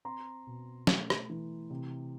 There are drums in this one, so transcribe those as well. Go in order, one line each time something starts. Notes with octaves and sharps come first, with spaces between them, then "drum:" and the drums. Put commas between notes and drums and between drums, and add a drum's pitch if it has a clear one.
C4 A#5 C6
B2
A3, drum: snare
drum: rim click
E3
C3